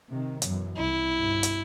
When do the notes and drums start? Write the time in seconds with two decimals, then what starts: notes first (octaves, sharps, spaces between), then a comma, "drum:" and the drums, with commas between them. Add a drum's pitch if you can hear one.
0.10 C3 D#3
0.42 F#2 B2 E3, drum: hi-hat
0.77 C2 E4
1.15 G1 B2
1.43 drum: hi-hat